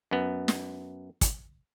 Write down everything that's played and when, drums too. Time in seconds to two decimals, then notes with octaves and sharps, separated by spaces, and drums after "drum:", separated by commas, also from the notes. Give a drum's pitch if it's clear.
0.11 F#2 B3
0.48 drum: snare
1.21 drum: kick, hi-hat